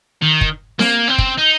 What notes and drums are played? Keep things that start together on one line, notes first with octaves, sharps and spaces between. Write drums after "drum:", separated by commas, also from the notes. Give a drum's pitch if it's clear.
D#3
drum: kick
A#3, drum: snare C4
C4
drum: kick
D#4